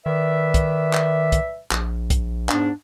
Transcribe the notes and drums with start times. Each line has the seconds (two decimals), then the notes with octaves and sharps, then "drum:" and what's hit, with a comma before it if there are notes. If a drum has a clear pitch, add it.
0.06 D#3 B4 D5 E5
0.54 drum: kick, hi-hat
0.93 drum: clap
1.32 drum: kick, hi-hat
1.71 A#1, drum: clap
2.10 drum: kick, hi-hat
2.49 E2 G#2 D4, drum: clap